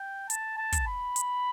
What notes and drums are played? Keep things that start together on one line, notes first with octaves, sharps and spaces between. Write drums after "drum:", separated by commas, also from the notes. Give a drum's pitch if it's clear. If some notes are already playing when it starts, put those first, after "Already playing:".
Already playing: G5
A5, drum: hi-hat
A5
drum: kick, hi-hat
B5
drum: hi-hat